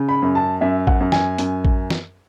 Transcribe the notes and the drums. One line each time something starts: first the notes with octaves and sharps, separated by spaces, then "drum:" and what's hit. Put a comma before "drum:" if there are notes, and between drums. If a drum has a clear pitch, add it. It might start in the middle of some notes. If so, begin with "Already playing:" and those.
Already playing: C#3
B5
F#2
A5
F#2 E5
F#5, drum: kick A1
F#2
G#5, drum: snare
F#2, drum: hi-hat
drum: kick A1
drum: snare